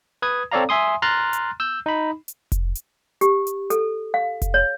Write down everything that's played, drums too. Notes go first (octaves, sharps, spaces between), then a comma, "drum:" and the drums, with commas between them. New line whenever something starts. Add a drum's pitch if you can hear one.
B4 D#6 G#6
C4 A4 C#5 D5 F5 A#5
E5 G#5 C6 D#6
A#5 C6 F6 F#6 A6
drum: hi-hat
E6 G6
D#4 B5
drum: hi-hat
drum: kick F1, hi-hat
drum: hi-hat
G4, drum: hi-hat
drum: hi-hat
A4, drum: hi-hat
F5
drum: kick F1, hi-hat
C#5